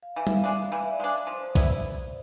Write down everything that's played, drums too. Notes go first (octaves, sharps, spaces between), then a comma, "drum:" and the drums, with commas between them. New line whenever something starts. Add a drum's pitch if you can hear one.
F5
E3 E5
E5, drum: tom G3
F5
G#3 D4
E5
E3
D5
G#3 D4
D5
F3 C5
B3 E4 D5, drum: kick